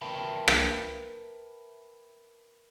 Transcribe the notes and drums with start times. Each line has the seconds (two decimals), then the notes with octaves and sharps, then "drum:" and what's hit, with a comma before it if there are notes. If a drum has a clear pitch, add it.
0.02 A#4 B4 E5 G5 A5 B5
0.48 drum: rim click